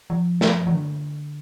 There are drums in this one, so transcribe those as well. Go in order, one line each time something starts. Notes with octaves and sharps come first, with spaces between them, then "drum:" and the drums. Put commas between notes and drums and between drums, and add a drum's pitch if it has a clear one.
F3
drum: snare
F3
D3